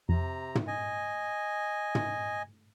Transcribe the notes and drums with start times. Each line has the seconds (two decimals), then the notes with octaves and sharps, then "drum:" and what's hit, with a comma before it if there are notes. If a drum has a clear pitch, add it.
0.09 F2 C3 A#5
0.55 drum: tom
0.67 D#5 G#5
1.95 drum: tom